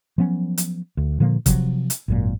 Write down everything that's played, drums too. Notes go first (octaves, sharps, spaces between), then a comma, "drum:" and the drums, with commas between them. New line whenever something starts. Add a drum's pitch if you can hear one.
F3 F#3 B3 C#4
drum: hi-hat
D2
A#2 D3 F3 A#3
C3 F3 F#3, drum: kick, hi-hat
drum: hi-hat
G#1 F#2 A#2